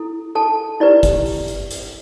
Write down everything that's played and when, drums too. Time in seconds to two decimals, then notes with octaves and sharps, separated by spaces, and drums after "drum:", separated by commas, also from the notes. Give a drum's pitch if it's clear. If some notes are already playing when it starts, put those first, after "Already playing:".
Already playing: E4 A4
0.35 A4 A5
0.80 E4 G4 B4 D5
1.03 drum: kick F#1, hi-hat
1.26 drum: open hi-hat
1.48 drum: hi-hat
1.71 drum: hi-hat